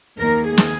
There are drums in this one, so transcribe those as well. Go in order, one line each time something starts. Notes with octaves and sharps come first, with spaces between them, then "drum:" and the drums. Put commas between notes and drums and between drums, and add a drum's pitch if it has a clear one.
D#2 D#3 A#3 A#4
G#4
drum: snare